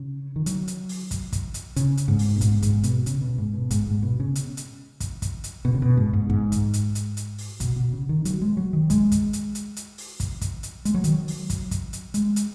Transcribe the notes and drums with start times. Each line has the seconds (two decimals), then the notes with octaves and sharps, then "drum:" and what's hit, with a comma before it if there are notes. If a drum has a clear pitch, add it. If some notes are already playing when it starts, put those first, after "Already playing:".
Already playing: C#3
0.36 D#3
0.46 F#3, drum: hi-hat
0.68 drum: hi-hat
0.89 drum: open hi-hat
1.11 drum: kick, hi-hat
1.32 drum: kick, hi-hat
1.54 drum: hi-hat
1.76 C#3, drum: hi-hat
1.97 drum: hi-hat
2.08 G#2
2.19 drum: open hi-hat
2.36 B2
2.41 G#2, drum: kick, hi-hat
2.62 G#2, drum: kick, hi-hat
2.83 B2, drum: hi-hat
3.06 C#3, drum: hi-hat
3.21 B2
3.38 G#2
3.54 B2
3.71 G#2, drum: kick, hi-hat
3.87 G#2
4.03 B2
4.20 C#3
4.35 drum: hi-hat
4.57 drum: hi-hat
5.00 drum: kick, hi-hat
5.22 drum: kick, hi-hat
5.44 drum: hi-hat
5.65 B2
5.74 C#3
5.82 B2
5.97 G#2
6.13 G#2
6.30 G#2, drum: kick
6.52 drum: kick, hi-hat
6.74 drum: hi-hat
6.95 drum: hi-hat
7.17 drum: hi-hat
7.38 drum: open hi-hat
7.60 B2, drum: kick, hi-hat
7.76 B2
7.93 C#3
8.09 D#3
8.25 F#3, drum: hi-hat
8.41 G#3
8.57 F#3
8.73 D#3
8.90 G#3, drum: kick, hi-hat
9.12 drum: kick, hi-hat
9.33 drum: hi-hat
9.55 drum: hi-hat
9.76 drum: hi-hat
9.98 drum: open hi-hat
10.20 drum: kick, hi-hat
10.41 drum: kick, hi-hat
10.63 drum: hi-hat
10.85 G#3, drum: hi-hat
10.94 F#3
11.04 D#3, drum: hi-hat
11.13 F#3
11.28 drum: open hi-hat
11.50 drum: kick, hi-hat
11.71 drum: kick, hi-hat
11.93 drum: hi-hat
12.14 G#3, drum: hi-hat
12.36 drum: hi-hat